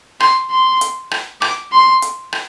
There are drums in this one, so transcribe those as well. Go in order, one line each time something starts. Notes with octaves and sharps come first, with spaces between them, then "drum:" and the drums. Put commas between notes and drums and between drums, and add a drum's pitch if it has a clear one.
C6, drum: rim click
C6
drum: hi-hat
drum: rim click
D6, drum: rim click
C6
drum: hi-hat
drum: rim click